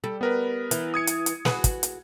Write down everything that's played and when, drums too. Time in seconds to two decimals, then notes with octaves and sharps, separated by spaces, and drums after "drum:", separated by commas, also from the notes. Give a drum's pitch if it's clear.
0.04 G3 A4
0.21 B3 A#4 B4
0.71 E3, drum: hi-hat
0.94 D#6 G#6 C#7
1.07 drum: hi-hat
1.26 drum: hi-hat
1.45 F#4 G#4 B4, drum: snare
1.64 drum: kick, hi-hat
1.83 drum: hi-hat